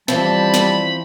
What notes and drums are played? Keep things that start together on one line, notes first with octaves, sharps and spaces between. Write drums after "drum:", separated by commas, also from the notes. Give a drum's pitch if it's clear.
E3 F3 G3 C4 A5 B5, drum: snare
drum: snare